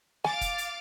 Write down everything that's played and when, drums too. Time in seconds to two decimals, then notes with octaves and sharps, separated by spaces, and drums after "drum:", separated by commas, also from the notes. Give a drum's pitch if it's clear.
0.24 F5 G#5 D6 A6, drum: snare
0.41 drum: kick, hi-hat
0.58 drum: hi-hat